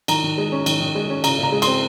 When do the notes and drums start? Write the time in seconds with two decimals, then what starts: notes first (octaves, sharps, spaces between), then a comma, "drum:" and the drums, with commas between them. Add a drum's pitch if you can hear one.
0.08 D#3 A#5, drum: cymbal
0.24 D#3
0.38 G#3
0.52 C#4
0.66 D#3, drum: cymbal
0.80 D#3
0.95 G#3
1.10 C#4
1.24 C#3 A#5, drum: cymbal
1.39 C#3 A#5
1.52 G#3
1.62 C6, drum: cymbal
1.67 C4